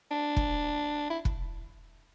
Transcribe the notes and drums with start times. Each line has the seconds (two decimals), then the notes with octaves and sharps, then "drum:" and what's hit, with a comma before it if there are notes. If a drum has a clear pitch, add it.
0.11 D4
0.37 drum: kick
1.10 E4
1.25 drum: kick